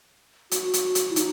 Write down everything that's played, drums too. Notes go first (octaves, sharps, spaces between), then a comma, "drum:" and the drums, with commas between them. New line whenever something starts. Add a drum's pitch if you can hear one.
F#4, drum: hi-hat
drum: hi-hat
drum: hi-hat
E4
D#4, drum: hi-hat